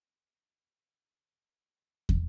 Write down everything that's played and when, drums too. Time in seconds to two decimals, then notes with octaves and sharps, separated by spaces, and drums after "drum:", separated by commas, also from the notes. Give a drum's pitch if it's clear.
0.04 C4
0.57 G5
0.79 B2
1.12 C2
1.44 G5
2.09 drum: kick